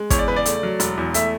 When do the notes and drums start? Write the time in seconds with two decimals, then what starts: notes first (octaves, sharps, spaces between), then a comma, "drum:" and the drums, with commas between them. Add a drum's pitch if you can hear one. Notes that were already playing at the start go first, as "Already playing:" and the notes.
Already playing: G#3
0.10 E2 C#5, drum: kick, hi-hat
0.19 D5
0.28 C#3 B4
0.36 D5
0.46 A3, drum: hi-hat
0.63 F#3
0.80 E1, drum: hi-hat
0.97 E2
1.14 A3 E5, drum: hi-hat